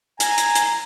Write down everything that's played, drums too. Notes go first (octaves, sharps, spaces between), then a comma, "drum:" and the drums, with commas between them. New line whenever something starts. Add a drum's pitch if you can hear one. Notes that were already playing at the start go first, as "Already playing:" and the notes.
G#5 A#5, drum: hi-hat
drum: hi-hat
drum: hi-hat